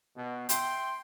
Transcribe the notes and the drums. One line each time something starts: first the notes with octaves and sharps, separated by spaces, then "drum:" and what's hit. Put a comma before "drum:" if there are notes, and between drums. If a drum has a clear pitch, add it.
B2
E5 G5 C6, drum: hi-hat